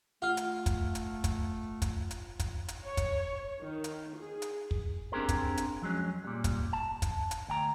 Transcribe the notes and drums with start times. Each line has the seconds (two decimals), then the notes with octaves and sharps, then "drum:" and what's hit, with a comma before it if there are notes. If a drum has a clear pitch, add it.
0.22 A3 F4 F#5 F6
0.37 drum: hi-hat
0.66 drum: kick, hi-hat
0.95 drum: hi-hat
1.24 drum: kick, hi-hat
1.82 drum: kick, hi-hat
2.11 drum: hi-hat
2.39 drum: kick, hi-hat
2.68 drum: hi-hat
2.85 C#5
2.97 drum: kick, hi-hat
3.62 D#3
3.84 drum: hi-hat
4.18 G#4
4.42 drum: hi-hat
4.71 drum: kick
5.12 C4 D4 G4 G#4 A#4 C5
5.29 drum: kick, hi-hat
5.57 drum: hi-hat
5.82 F2 F#3 G#3 C#4
6.24 A#2 G3
6.44 drum: kick, hi-hat
6.73 A5
7.02 drum: kick, hi-hat
7.31 drum: hi-hat
7.48 D2 G5 A#5